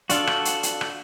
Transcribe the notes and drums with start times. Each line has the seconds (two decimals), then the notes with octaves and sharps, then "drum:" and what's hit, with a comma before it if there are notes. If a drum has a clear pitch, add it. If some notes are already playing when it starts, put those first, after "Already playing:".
0.10 D4 F4 F#4 A4, drum: hi-hat
0.27 drum: rim click
0.45 drum: hi-hat
0.63 drum: hi-hat
0.81 drum: rim click